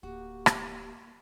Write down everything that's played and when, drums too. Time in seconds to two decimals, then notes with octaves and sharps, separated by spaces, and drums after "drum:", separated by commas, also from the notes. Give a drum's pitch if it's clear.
0.03 D1 A#3 F#4 G4
0.46 drum: rim click